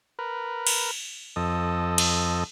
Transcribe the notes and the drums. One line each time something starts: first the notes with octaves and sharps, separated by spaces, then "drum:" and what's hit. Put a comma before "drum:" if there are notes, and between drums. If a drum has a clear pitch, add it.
A#4 B4
drum: cymbal
F2 A4 D#5
drum: cymbal